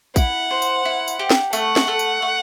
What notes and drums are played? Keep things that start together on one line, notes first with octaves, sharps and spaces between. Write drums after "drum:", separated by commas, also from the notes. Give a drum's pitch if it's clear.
E4 F#5, drum: kick, tambourine
C5
drum: tambourine
E4
drum: tambourine
G4
drum: snare
A3 F#5, drum: tambourine
drum: snare
A3
drum: tambourine
A3